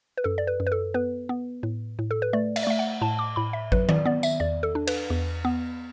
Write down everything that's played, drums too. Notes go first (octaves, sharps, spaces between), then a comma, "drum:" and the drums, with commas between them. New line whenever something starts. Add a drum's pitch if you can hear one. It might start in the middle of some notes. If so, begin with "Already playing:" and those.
B4
F#2 A4
D5
B4
F#2
B4
A4
B3 B4
B3
A2
A2
A4
B4
A3 D5
E5, drum: cymbal
D5
A3 E5
F#5
A2 A5
D6
A2 B5
E5
F#3 B4, drum: kick G#1
D5, drum: tom D#3
B3 D5
E5, drum: tambourine
E2 D5
A4
D4
B4, drum: cymbal
E2
B3